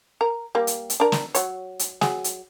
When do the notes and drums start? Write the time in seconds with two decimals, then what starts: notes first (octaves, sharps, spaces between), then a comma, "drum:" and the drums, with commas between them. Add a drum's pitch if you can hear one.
0.21 A#4
0.55 G3 A#3
0.67 drum: hi-hat
0.90 drum: hi-hat
1.00 D4 A#4
1.12 drum: snare
1.35 F#3 C#5, drum: hi-hat
1.79 drum: hi-hat
2.01 F#3 G#4, drum: snare
2.24 drum: hi-hat